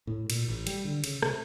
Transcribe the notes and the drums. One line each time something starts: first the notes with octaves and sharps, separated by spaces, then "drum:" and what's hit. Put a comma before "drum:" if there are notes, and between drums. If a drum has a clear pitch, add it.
A2
A#2, drum: cymbal
A1
G3, drum: cymbal
D3
C#3, drum: cymbal
C3, drum: rim click